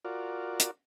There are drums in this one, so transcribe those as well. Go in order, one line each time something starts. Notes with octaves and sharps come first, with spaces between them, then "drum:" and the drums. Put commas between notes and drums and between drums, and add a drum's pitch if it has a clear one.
F4 F#4 A#4 D5
drum: hi-hat